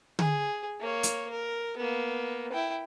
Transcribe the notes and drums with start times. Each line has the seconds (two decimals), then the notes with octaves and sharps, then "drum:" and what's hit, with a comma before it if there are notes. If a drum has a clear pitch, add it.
0.19 G#4, drum: tom D3
0.80 A#3 C#5
1.03 drum: hi-hat
1.31 A#4
1.77 A#3 B3
2.53 E4 G5